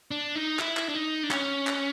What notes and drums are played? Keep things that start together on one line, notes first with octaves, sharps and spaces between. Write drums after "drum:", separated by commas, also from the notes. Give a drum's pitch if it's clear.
D4
D#4
E4, drum: clap
drum: clap
D4
D#4
D4
C#4, drum: clap
drum: clap